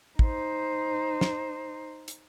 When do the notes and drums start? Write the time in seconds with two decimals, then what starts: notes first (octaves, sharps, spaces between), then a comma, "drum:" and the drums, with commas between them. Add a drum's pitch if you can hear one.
0.19 D#4 C5, drum: kick
1.21 drum: snare
2.08 drum: hi-hat